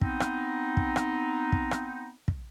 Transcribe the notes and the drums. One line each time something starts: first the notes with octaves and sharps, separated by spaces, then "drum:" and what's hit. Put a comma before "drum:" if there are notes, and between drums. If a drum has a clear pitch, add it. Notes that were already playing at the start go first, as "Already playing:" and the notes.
B3 C4 D#4, drum: kick
drum: rim click
drum: kick
drum: rim click
drum: kick
drum: rim click
drum: kick